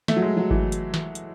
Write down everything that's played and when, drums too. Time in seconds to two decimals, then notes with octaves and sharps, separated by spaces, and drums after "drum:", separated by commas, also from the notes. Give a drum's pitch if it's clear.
0.08 A3, drum: snare
0.16 F#3
0.22 G#3
0.37 F#3
0.51 E3, drum: kick G#1
0.72 drum: hi-hat
0.94 drum: snare
1.15 drum: hi-hat